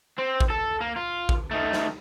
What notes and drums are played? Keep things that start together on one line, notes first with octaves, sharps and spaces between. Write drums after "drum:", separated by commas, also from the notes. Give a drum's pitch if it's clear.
C4
drum: kick A1
A4
A#3
F4
drum: kick A1
D#3 A3
drum: snare